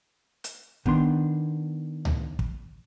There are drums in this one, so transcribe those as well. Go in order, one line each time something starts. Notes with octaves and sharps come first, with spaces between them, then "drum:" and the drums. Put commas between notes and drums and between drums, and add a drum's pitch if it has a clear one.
drum: hi-hat
D#3 B3 D4 C6, drum: kick
drum: tom C#2
drum: kick